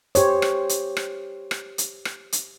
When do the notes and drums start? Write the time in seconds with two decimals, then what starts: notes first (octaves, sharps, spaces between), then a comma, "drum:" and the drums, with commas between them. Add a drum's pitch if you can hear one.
0.15 G4 C5 C#5, drum: hi-hat
0.42 drum: rim click
0.69 drum: hi-hat
0.97 drum: rim click
1.51 drum: rim click
1.78 drum: hi-hat
2.05 drum: rim click
2.32 drum: hi-hat